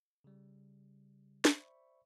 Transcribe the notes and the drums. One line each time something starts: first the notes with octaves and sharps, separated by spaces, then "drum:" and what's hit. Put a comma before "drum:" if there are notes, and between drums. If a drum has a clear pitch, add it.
C#3 G3
C5 D5 E5 B5 C#6, drum: snare